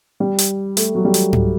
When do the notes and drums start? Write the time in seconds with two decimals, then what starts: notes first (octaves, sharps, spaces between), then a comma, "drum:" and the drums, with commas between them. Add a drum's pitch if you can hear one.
0.20 G3
0.39 drum: hi-hat
0.77 A3, drum: hi-hat
0.95 F#3
1.05 G3
1.14 drum: hi-hat
1.33 drum: tom G#2